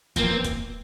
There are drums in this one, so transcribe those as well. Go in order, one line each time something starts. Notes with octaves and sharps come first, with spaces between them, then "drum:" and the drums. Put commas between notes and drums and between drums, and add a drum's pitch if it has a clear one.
E3 A#3 C4 F4, drum: kick, hi-hat
drum: kick, hi-hat